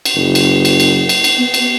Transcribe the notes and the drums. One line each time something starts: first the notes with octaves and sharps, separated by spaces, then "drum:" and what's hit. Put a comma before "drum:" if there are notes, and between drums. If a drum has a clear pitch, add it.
drum: cymbal
F#1
drum: cymbal
drum: cymbal
drum: cymbal
drum: cymbal
drum: cymbal
B3
drum: cymbal